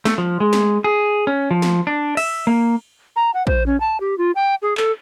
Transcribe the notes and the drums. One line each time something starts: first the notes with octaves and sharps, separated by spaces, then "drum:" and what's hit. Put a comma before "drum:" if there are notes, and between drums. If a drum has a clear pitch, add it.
A3, drum: snare
F3
G#3
drum: snare
G#4
C#4
F3
drum: snare
D4
E5, drum: cymbal
A#3
A#5
F#5
C5, drum: kick A#1
C#4
A5
G4
F4
G5
G#4
A4, drum: clap